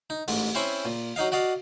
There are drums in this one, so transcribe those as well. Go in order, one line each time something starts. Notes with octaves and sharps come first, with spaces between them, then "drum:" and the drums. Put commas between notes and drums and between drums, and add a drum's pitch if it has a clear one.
D#4
A1 G#2, drum: open hi-hat
C4 C#4 E4 C5 G#5 B5
A#2
F#3 D#4 D#5 F5
F#4 D5 D#5 F5